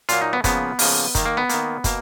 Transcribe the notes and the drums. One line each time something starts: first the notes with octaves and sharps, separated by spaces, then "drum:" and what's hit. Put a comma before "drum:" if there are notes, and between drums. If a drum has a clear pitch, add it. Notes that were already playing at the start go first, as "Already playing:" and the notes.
A#2 F#3 A#3 F4, drum: hi-hat
D#4
B3
C#3 F3 A#3 B3, drum: kick, hi-hat
C#3 F3 A#3, drum: open hi-hat
D#3 A#3, drum: kick, hi-hat
A#3
B3
D#3 A#3, drum: hi-hat
B2 A#3, drum: kick, hi-hat